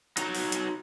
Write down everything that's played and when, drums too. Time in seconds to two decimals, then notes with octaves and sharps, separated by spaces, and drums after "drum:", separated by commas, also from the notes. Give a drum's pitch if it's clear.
0.17 F#3 D#4 F#4 A#5, drum: hi-hat
0.35 drum: open hi-hat
0.52 drum: hi-hat